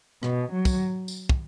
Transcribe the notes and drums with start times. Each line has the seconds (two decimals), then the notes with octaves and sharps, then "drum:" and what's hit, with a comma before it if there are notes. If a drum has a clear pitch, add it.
0.23 B2, drum: rim click
0.51 F#3
0.65 drum: kick, tambourine
1.08 drum: tambourine
1.29 drum: kick